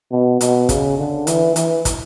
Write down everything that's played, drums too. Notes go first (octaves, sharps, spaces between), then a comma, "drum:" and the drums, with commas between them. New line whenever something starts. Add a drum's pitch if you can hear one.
B2
B2, drum: hi-hat
C#3, drum: kick, hi-hat
D3
E3, drum: hi-hat
E3, drum: hi-hat
drum: kick, hi-hat